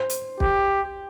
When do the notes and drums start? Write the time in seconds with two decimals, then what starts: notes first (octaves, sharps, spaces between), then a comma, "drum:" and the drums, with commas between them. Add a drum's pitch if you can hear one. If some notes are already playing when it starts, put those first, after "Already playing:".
Already playing: C5
0.09 drum: hi-hat
0.40 G4, drum: kick